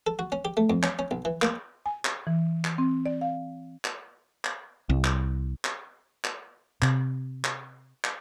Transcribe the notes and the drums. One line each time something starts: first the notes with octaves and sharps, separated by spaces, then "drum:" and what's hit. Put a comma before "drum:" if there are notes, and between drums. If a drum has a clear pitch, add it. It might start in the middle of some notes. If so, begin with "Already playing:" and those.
A4
F#4
C#4
G4
A3
F2
C#4, drum: clap
C#4
B1
E3
A#3, drum: clap
G#5
drum: clap
E3
drum: clap
C4
D5
F5
drum: clap
drum: clap
C2
drum: clap
drum: clap
drum: clap
C3, drum: clap
drum: clap
drum: clap